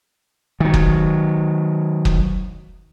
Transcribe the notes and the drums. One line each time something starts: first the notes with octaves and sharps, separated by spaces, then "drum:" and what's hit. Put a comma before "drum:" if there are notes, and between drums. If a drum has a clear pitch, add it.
D#3 F#3
drum: kick
drum: kick